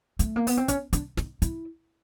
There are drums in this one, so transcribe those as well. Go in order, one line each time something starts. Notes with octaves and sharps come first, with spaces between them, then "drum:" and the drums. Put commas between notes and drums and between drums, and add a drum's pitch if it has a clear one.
A3, drum: hi-hat
A#3
B3, drum: open hi-hat
C4
C#4, drum: kick, hi-hat
D4, drum: hi-hat
D#4, drum: snare
E4, drum: hi-hat